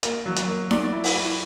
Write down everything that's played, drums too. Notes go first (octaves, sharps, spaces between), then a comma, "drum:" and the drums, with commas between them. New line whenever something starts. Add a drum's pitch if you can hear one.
A#3, drum: hi-hat
F#3
drum: hi-hat
A#3
D5, drum: snare D#4
E4
drum: open hi-hat
E4